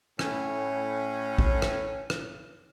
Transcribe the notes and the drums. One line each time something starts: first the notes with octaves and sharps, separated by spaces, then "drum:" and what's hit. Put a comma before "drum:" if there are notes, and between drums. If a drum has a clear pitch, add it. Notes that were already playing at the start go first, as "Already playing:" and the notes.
A2 C#4, drum: rim click
drum: kick A#1
drum: rim click
drum: rim click